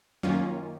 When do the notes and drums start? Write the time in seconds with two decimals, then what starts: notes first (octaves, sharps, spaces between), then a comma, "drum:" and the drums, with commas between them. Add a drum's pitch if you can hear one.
0.23 F#2 D#3 A#3 C#4 F4, drum: tom F#3